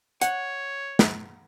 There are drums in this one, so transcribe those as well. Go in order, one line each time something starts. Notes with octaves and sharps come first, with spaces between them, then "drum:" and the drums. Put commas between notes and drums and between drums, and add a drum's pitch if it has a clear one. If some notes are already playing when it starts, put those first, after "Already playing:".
C#5 F#5, drum: hi-hat
drum: snare